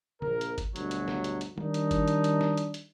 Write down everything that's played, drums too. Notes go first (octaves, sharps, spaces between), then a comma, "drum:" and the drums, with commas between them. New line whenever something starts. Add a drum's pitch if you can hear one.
A#1 A#4, drum: tom C#3
drum: hi-hat
drum: kick G1, hi-hat
D2 G2 B2 F#3, drum: hi-hat
drum: hi-hat
drum: snare
drum: hi-hat
drum: hi-hat
D#3 G3 D4 D#4, drum: tom F#3
drum: hi-hat
drum: kick G1, hi-hat
drum: hi-hat
drum: hi-hat
drum: snare
drum: hi-hat
drum: hi-hat